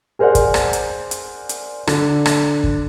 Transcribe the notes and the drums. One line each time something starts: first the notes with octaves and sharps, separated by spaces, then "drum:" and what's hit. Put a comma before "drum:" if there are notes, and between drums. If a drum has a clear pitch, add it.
G#4 A#4 C5 D5 F#5
drum: kick, hi-hat
drum: rim click
drum: hi-hat
drum: hi-hat
drum: hi-hat
D3, drum: rim click
drum: rim click
drum: kick